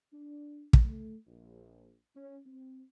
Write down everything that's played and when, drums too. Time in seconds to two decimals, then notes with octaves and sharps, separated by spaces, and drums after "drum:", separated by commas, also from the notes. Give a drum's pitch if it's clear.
0.13 D4
0.73 drum: kick
0.84 A3
1.27 A#1
2.16 C#4
2.46 C4